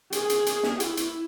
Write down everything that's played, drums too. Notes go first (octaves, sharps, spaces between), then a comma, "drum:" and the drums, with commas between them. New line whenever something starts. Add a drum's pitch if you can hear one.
G#4, drum: hi-hat
drum: hi-hat
drum: hi-hat
drum: snare
E4, drum: hi-hat
drum: hi-hat